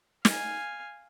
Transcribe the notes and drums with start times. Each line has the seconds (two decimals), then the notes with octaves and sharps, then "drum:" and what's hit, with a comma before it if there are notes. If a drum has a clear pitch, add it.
0.25 F5 G#5, drum: snare